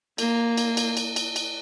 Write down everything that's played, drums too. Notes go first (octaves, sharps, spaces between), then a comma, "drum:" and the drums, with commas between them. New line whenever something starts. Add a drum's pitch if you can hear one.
A#3, drum: cymbal
drum: cymbal
drum: cymbal
drum: cymbal
drum: cymbal
drum: cymbal